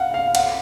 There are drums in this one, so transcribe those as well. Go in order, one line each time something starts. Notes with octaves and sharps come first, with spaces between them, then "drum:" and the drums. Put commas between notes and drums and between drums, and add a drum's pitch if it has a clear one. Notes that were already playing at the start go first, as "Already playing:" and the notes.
Already playing: F5 F#5
F5
F#5, drum: cymbal